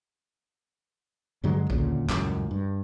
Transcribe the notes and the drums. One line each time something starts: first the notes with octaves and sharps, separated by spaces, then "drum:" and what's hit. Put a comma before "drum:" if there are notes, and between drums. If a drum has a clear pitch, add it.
G2 D3 F#3 G#3
D#1 D2 A#2 C#3, drum: kick A#1
D#1 C#2 F#2 A2, drum: clap
G2